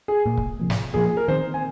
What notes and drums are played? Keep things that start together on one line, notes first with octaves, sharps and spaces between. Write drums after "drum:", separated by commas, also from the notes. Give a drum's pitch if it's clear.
G#4
A#2 A#3
drum: kick C#1
C3 F3 A#3
drum: snare
A#2 F3 A#3 G#4
G#4
A#4
D#3 C4 C5
G#5